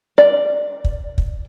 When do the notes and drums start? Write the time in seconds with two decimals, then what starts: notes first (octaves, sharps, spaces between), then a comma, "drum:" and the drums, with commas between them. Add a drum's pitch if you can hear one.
0.18 D5
0.84 drum: kick
1.18 drum: kick